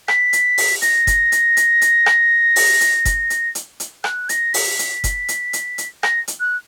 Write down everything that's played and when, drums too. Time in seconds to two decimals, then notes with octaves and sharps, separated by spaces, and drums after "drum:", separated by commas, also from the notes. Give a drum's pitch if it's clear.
0.08 B6, drum: rim click
0.33 drum: hi-hat
0.58 drum: open hi-hat
0.82 A#6, drum: hi-hat
1.07 drum: kick F#1, hi-hat
1.32 drum: hi-hat
1.57 drum: hi-hat
1.81 drum: hi-hat
2.06 drum: rim click
2.56 drum: open hi-hat
2.81 drum: hi-hat
3.05 drum: kick F#1, hi-hat
3.30 drum: hi-hat
3.55 drum: hi-hat
3.80 drum: hi-hat
4.04 F#6, drum: rim click
4.29 A#6, drum: hi-hat
4.54 B6, drum: open hi-hat
4.79 drum: hi-hat
5.04 drum: kick F#1, hi-hat
5.28 drum: hi-hat
5.53 drum: hi-hat
5.78 drum: hi-hat
6.03 A#6, drum: rim click
6.28 drum: hi-hat
6.40 F#6